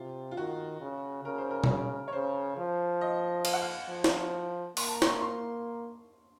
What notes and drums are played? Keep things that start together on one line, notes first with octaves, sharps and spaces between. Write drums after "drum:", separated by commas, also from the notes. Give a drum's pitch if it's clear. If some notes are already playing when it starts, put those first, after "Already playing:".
Already playing: C3 F4
F4
D#3 F#4
C#3
C#3 A#4
C5
A#4
drum: tom B2
C#5
C#3 C5
F3
D#5
F5, drum: cymbal
F#5
F5
F3
drum: snare
A#3 C6, drum: open hi-hat
A5
A#5
C6, drum: snare
C#6
C6